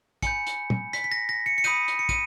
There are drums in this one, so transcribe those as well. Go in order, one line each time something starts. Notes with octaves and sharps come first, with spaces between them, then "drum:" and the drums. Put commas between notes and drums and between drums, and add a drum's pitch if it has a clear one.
G#5 B5 G6 C#7, drum: kick, hi-hat
drum: hi-hat
drum: tom
B6, drum: hi-hat
B6
A#6
A#6
C#7
C#7
B5 D#6 G6 D#7, drum: hi-hat
drum: hi-hat
C#7
D#7, drum: kick, hi-hat